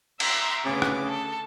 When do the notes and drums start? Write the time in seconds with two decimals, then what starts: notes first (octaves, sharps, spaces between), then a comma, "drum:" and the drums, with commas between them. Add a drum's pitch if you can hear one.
0.20 E5 A#5 C6, drum: cymbal
0.65 D2 C#3 B3 D6
0.82 drum: rim click
1.05 A4